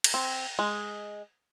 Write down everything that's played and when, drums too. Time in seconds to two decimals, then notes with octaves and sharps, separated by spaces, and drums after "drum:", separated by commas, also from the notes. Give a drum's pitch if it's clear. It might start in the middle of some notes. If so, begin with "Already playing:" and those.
0.04 drum: cymbal
0.14 C4
0.59 G#3